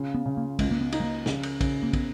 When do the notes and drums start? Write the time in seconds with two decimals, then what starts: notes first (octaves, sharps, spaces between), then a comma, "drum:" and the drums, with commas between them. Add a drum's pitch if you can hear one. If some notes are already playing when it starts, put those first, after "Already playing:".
Already playing: C#3 F4
0.15 B3
0.26 C#3
0.37 A#3
0.59 C#2 G#3, drum: kick, cymbal
0.71 A#3
0.81 B3
0.92 D#4, drum: cymbal
1.00 G#3
1.04 A#3
1.26 C#3, drum: snare
1.43 drum: cymbal
1.61 C#3, drum: kick, cymbal
1.83 A#3
1.93 B3, drum: kick, cymbal